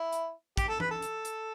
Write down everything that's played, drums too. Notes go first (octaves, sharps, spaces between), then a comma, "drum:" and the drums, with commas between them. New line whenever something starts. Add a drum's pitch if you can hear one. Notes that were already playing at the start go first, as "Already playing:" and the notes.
Already playing: E4
drum: hi-hat
G4, drum: kick, hi-hat
A4
B4, drum: tom E3
A4
drum: hi-hat
drum: hi-hat